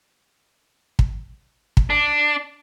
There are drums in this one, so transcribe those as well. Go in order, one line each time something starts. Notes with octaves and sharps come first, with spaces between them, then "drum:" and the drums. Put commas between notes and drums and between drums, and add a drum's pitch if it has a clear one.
drum: kick
drum: kick
D4